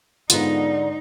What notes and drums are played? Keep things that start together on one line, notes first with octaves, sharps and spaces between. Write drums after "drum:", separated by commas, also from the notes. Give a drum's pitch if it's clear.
G#2 D3 G3 B3 D4 D#4 F4, drum: hi-hat